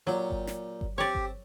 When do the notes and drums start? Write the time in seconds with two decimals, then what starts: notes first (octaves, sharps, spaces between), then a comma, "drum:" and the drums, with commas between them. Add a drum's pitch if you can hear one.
0.07 A#2 F#3 G4 C#6
0.31 drum: kick G1
0.47 drum: snare
0.81 drum: kick G1
0.98 C4 G4 C#5 D5 A5
1.15 drum: kick G1